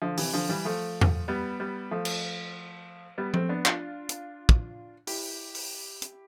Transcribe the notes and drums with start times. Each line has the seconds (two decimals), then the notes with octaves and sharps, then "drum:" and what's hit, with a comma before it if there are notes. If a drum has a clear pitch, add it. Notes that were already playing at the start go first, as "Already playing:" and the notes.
0.02 D3 F3
0.17 C3 E3, drum: open hi-hat
0.33 D3 F3
0.49 E3 G3
0.65 F3 A3
1.01 drum: tom E2
1.28 G3 B3
1.60 G3 B3
1.91 F3 A3
2.05 drum: cymbal
3.18 G3 B3
3.34 A3 C4, drum: tom F3
3.49 B3 D4
3.65 D4 F4, drum: clap
4.09 drum: hi-hat
4.49 drum: kick
5.07 E4 G4, drum: open hi-hat
5.55 drum: open hi-hat
6.02 drum: hi-hat